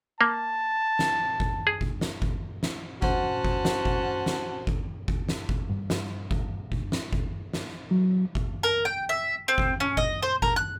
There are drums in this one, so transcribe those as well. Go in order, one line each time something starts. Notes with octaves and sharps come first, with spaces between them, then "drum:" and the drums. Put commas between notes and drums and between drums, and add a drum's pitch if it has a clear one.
A#3 A5
drum: snare
drum: kick G1
G#4
drum: kick G1
drum: snare
drum: kick G1
drum: snare
C#4 F#4 C5 F#5 A5, drum: kick G1
drum: kick G1
drum: snare
drum: kick G1
drum: snare
drum: kick G1
drum: kick G1
drum: snare
drum: kick G1
G2
drum: snare
drum: kick G1
drum: kick G1
drum: snare
drum: kick G1
drum: snare
F#3
drum: kick G1
A#4
G5
E5
C4
drum: kick G1
C#4
D#5, drum: kick G1
C5
A#4, drum: kick G1
F#6